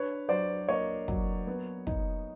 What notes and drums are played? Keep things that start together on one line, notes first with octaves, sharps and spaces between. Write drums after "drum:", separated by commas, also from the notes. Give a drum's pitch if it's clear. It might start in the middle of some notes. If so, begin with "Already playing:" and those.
Already playing: D4 B4 C#5
F#3 C5 D5
A#3 C#5 D#5
F#3, drum: kick
B3
D#4, drum: kick